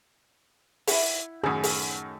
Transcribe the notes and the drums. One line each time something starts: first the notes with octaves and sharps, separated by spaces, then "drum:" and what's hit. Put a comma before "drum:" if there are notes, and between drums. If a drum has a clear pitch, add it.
E4 E5 F#5, drum: open hi-hat
F#2 A2 D#3 A3 G#4
drum: open hi-hat